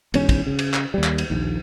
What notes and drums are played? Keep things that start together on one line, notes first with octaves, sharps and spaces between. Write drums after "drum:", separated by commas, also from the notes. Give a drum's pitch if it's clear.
E1 E2 G#2 C#4, drum: cymbal
drum: kick, cymbal
C#3
drum: cymbal
drum: clap
D#2 G3
drum: clap
drum: cymbal
A#1 D#2